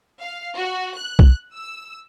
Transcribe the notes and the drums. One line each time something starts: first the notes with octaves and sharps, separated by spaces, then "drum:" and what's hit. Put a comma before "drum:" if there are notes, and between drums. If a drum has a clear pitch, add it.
F5
F#4
F#6
drum: kick B1
E6